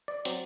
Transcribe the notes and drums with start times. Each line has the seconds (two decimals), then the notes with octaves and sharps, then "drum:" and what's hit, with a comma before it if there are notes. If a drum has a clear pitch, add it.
0.08 D5
0.25 F#3 C4, drum: hi-hat